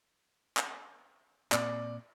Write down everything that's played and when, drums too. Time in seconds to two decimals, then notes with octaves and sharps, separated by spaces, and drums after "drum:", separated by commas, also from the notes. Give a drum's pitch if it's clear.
0.57 drum: clap
1.52 A#2 A#3 C4 D5, drum: clap